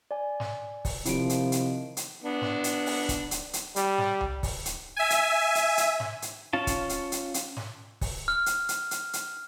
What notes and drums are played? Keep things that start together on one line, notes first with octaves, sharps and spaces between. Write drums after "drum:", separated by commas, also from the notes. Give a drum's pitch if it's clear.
D5 G#5
drum: snare
drum: kick, open hi-hat
C3 D#3 F3 E4 D7, drum: hi-hat
drum: hi-hat
drum: hi-hat
drum: hi-hat
B3 D4
drum: snare
drum: hi-hat
drum: open hi-hat
drum: kick, hi-hat
drum: hi-hat
drum: hi-hat
G3, drum: hi-hat
drum: snare
drum: tom C2
drum: kick, open hi-hat
drum: hi-hat
E5 G#5
drum: hi-hat
drum: hi-hat
drum: hi-hat
drum: snare
drum: hi-hat
C#4 F4 A5
drum: kick, hi-hat
drum: hi-hat
drum: hi-hat
drum: hi-hat
drum: snare
drum: kick, open hi-hat
F6
drum: hi-hat
drum: hi-hat
drum: hi-hat
drum: hi-hat